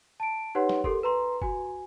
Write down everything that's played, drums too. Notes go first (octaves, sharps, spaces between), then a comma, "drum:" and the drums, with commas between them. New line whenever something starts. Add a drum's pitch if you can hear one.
A5 D7
D#4 G4 B4 C#5 F#5 C6
drum: snare
G4 A4 A#4 C6, drum: kick
B4 A#5 C6
F#4 G#5, drum: kick